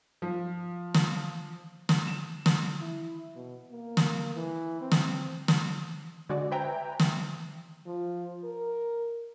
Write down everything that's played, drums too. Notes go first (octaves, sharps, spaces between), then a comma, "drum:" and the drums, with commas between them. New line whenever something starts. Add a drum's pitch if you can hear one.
F3
drum: snare
drum: snare
E7
drum: snare
E4
B2
A#3
drum: snare
E3
C4
drum: snare
drum: snare
D3 G#3 F#4 D5 D#5
B4 C5 E5 G5 G#5 A#5
drum: snare
F3
A#4